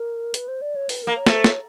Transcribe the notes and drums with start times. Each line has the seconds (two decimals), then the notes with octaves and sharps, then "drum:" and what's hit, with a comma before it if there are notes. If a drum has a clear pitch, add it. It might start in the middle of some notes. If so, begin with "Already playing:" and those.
Already playing: A#4
0.34 B4, drum: hi-hat
0.48 C5
0.61 D5
0.75 C#5
0.89 B4, drum: open hi-hat
1.03 A#3 A#4
1.17 C#5
1.26 A3 C5, drum: snare
1.44 C#5, drum: snare